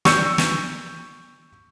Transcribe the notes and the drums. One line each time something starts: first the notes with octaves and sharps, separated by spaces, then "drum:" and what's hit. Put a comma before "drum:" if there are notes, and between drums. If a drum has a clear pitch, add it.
C#6 E6 G6 C#7, drum: snare
drum: snare